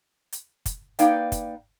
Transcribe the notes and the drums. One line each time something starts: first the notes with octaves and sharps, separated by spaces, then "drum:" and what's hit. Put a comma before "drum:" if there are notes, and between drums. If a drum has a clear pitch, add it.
drum: hi-hat
drum: kick, hi-hat
A#3 D#4 B4 D5 F5 G5, drum: hi-hat
drum: kick, hi-hat